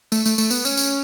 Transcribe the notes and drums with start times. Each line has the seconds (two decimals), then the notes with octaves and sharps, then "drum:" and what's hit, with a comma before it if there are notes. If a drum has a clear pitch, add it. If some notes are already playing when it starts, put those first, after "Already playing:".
0.12 A3, drum: tambourine
0.25 A3, drum: tambourine
0.38 A3, drum: tambourine
0.51 B3, drum: tambourine
0.65 C#4, drum: tambourine
0.77 drum: tambourine